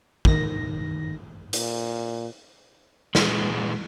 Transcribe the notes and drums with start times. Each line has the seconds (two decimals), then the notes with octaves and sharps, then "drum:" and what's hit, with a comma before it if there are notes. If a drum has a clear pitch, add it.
0.25 D#3 A#6, drum: kick
1.53 A#2, drum: hi-hat
3.15 A#2 E3 G#3 B4, drum: snare